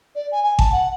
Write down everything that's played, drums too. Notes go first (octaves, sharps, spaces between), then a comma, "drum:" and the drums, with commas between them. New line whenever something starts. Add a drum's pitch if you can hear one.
D5
G#5
G#5
A5, drum: kick G#1
F#5